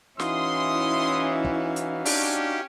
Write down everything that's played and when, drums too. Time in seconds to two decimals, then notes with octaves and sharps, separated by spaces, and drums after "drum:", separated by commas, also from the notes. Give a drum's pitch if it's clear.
0.20 E3 C#4 D#4 E4 F#4 F5 C6 D#6, drum: snare
1.45 drum: kick
1.76 drum: hi-hat
2.05 C#4 D4 G4, drum: open hi-hat